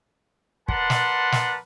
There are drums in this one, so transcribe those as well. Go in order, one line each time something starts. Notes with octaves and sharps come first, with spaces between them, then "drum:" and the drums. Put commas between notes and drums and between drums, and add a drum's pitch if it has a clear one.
A#4 B4 D5 F#5 A5 C6, drum: kick
drum: snare
drum: snare